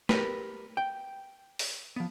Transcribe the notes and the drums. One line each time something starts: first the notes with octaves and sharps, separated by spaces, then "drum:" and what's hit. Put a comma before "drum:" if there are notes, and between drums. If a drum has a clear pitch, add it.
G4 A#4 B4, drum: snare
G5
drum: open hi-hat
F3 B3